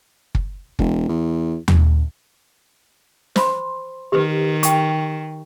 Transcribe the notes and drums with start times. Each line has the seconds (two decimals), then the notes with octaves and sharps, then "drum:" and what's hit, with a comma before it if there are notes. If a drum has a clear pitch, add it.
0.35 drum: kick
0.79 E1, drum: kick
1.09 E2
1.68 drum: tom
3.36 C5 B5 C6, drum: snare
4.12 D#3 G4 B4
4.63 G5 C#6, drum: hi-hat